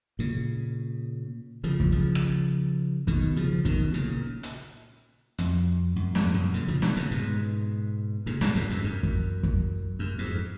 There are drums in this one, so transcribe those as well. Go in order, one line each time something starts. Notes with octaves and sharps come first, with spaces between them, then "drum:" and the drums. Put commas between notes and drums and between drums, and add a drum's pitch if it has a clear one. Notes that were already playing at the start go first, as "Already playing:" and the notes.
A#2 C#3
C#3 F3
drum: kick
C#3 F3
drum: rim click
B2 D#3, drum: kick
C#3 F3
B2 D#3, drum: kick
A#2 C#3
drum: hi-hat
F2, drum: hi-hat
F#2
F2 G#2, drum: snare
F#2 A#2
A#2 C#3
C#3 F3
B2 D#3, drum: snare
A#2 C#3
G#2 B2
A#2 C#3
G#2 B2, drum: snare
F#2 A#2
F2 G#2
F#2
drum: kick
drum: kick
F#2
F2 G#2